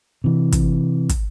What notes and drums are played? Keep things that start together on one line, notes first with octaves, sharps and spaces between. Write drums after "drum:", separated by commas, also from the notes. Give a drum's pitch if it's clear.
C3 E3
drum: kick, hi-hat
drum: kick, hi-hat